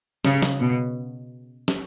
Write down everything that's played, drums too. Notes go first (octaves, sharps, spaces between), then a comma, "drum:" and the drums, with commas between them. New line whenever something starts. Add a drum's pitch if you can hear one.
C#3, drum: snare
drum: snare
B2
drum: snare